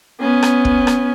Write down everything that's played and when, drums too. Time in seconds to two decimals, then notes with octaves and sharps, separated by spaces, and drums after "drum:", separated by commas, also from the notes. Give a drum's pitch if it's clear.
0.20 B3 C#4
0.43 drum: rim click
0.65 drum: kick
0.87 drum: rim click